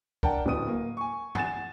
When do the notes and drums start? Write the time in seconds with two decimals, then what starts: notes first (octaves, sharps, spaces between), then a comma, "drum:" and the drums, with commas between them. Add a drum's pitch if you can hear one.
0.23 D4 A#4 F#5 G5 A5, drum: kick C#2
0.46 D1 B4 D#6 D#7
0.68 A#3
0.97 G#5 C#6
1.35 F#5 G#5 A6 E7, drum: tom F#2